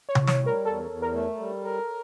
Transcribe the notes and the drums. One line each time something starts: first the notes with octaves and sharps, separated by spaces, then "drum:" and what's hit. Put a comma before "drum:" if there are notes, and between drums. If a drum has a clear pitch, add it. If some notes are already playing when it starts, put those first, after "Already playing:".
C#5
A2, drum: tom C3
C#5, drum: snare
G3
A#4
E2 A4
E2
A#4
A3
G3
A#4